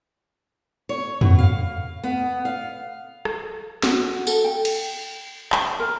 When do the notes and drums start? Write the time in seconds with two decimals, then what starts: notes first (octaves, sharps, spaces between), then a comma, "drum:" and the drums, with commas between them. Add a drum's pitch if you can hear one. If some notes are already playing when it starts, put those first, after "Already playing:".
0.89 C#5
1.21 B2, drum: tom
1.39 F5
2.03 B3
2.45 F5
3.25 drum: rim click
3.83 F#4, drum: snare
4.27 A4, drum: tambourine
4.44 G5
4.65 drum: cymbal
5.52 drum: clap
5.80 A#4